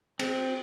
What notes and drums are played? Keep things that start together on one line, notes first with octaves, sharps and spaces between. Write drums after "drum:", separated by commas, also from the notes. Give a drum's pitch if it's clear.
C4, drum: cymbal